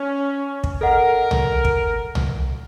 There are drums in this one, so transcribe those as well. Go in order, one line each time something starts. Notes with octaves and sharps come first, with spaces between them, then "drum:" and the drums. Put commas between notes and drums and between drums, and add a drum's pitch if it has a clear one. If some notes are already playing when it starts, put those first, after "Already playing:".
Already playing: C#4
drum: kick
A4 A#4 D#5 F#5
drum: tom
drum: kick
drum: tom